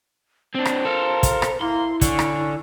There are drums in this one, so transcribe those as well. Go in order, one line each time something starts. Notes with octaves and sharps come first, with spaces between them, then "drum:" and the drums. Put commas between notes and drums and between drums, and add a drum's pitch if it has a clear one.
C4 D4 C5
drum: rim click
F4 A4 A#4
drum: kick, hi-hat
drum: rim click
A#3 E4 C6
D3 C#4, drum: kick, hi-hat
drum: rim click